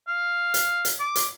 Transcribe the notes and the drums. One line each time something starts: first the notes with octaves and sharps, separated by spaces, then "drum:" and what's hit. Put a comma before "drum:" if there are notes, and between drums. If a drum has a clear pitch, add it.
F5
drum: hi-hat
drum: hi-hat
D6
drum: hi-hat